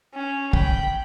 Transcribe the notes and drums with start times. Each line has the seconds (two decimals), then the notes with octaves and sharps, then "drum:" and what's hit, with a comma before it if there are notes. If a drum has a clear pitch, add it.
0.15 C#4
0.53 G5 B5, drum: kick